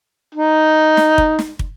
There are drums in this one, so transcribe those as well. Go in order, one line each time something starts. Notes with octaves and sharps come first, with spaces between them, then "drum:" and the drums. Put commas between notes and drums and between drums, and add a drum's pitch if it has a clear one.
D#4
drum: snare
drum: kick
drum: snare
drum: kick